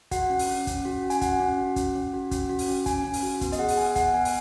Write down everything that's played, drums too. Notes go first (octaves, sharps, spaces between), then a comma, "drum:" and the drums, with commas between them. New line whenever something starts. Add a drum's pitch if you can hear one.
F#4 F#5, drum: kick, hi-hat
C#4
drum: open hi-hat
C#4
C#4, drum: kick, hi-hat
F#4
C#4
G#5, drum: hi-hat
F#4 F#5, drum: kick, hi-hat
C#4
F#4
C#4, drum: kick, hi-hat
C#4
F#4
C#4, drum: kick, hi-hat
F#4
drum: open hi-hat
C#4
C#4 G#5, drum: kick, hi-hat
C#4
drum: open hi-hat
F#4
B3, drum: kick, hi-hat
D#5, drum: hi-hat
G#4 F#5
drum: open hi-hat
B3 G#5
B3 F#5, drum: kick, hi-hat
B3 G#5
G#5, drum: open hi-hat